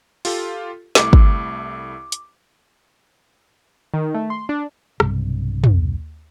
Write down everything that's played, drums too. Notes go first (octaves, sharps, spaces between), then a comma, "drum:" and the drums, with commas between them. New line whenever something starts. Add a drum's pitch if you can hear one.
F4 G4 A4, drum: open hi-hat
C2 A3 E4 D6, drum: snare
drum: kick
drum: hi-hat
D#3
A3
C6
D4
B1 G2 C3 G3, drum: rim click
drum: tom